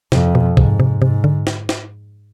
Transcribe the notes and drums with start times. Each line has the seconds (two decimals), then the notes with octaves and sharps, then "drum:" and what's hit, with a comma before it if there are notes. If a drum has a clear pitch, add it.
0.12 F2 C3, drum: snare
0.35 B2
0.57 G#2 C3, drum: kick
0.80 C3
1.02 G#2 C3
1.24 D3
1.47 drum: snare
1.69 drum: snare